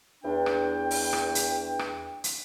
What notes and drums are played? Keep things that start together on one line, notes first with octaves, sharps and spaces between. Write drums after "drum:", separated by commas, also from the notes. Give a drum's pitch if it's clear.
E2 D4 G5
drum: rim click
drum: open hi-hat
drum: rim click
drum: hi-hat
drum: rim click
drum: hi-hat